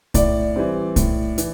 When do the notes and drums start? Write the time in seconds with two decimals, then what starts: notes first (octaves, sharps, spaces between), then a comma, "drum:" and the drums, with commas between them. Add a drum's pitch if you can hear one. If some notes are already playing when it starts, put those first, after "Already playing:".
0.14 A2 D5, drum: kick, hi-hat
0.56 E3 G3 C4
0.96 A2, drum: kick, hi-hat
1.38 E3, drum: hi-hat